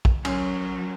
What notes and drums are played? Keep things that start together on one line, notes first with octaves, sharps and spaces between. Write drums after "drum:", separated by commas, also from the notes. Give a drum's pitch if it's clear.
drum: kick
F#3 C#4, drum: cymbal